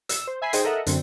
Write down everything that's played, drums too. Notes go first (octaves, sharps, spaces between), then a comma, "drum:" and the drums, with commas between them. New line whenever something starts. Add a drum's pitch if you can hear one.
E6, drum: hi-hat
C5
E5 G#5 B5 C7
D#4 G#4 C5 D#5 G5 G#5, drum: hi-hat
A4 A#4 D#5 E5 F#5
F#2 D3 C4, drum: hi-hat